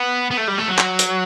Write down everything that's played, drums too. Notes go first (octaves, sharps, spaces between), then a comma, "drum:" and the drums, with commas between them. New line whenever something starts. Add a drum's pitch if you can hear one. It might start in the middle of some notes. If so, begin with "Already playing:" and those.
Already playing: B3
B3
A3
G3
A3
F#3
drum: clap
drum: hi-hat